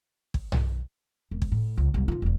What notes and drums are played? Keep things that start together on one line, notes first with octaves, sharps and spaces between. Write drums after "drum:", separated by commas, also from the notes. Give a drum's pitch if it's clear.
drum: kick
drum: tom
E1
drum: kick
A2
C#2
C2 G3
G#2 F4
E1 E2